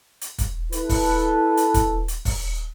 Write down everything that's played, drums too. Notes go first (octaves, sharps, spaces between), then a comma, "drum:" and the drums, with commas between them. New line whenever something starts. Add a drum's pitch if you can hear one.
drum: hi-hat
drum: kick, hi-hat
E4 A4 B4, drum: hi-hat
drum: kick, open hi-hat
drum: hi-hat
drum: kick, hi-hat
drum: hi-hat
drum: kick, open hi-hat